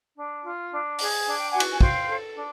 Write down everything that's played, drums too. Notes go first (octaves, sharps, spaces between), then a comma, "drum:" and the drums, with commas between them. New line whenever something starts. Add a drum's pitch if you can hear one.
D4
F4
D4
G#4, drum: open hi-hat
D4 G#5
G5
F#4 F#5 G#5
drum: cymbal
G#5
C5 F5 G5, drum: kick
A4
D4